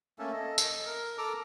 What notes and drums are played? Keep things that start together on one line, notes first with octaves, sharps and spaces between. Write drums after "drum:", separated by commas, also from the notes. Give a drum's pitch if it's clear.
A3 A#3 C#4 A4
A4 D#5
D#5, drum: tambourine
A#4
A4 A#5 D6